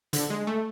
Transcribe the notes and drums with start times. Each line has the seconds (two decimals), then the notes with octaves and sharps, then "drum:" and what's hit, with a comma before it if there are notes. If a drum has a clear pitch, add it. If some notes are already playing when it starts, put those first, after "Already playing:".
0.13 D3, drum: hi-hat
0.30 G#3
0.47 A3